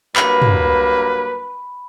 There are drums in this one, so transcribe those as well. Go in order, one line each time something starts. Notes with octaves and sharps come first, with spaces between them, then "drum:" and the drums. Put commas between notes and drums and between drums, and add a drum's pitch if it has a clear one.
G2 F#3 A#3 B4 B5, drum: clap
drum: tom